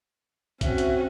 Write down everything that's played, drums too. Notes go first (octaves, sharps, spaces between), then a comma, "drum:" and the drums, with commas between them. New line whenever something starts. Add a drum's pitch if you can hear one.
C4 C#4 F#4 E5, drum: kick, hi-hat
drum: hi-hat